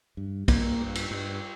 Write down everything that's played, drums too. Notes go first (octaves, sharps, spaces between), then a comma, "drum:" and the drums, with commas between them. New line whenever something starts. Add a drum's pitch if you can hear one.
G2
G2 A#3, drum: kick B1, cymbal
G2
drum: cymbal
G2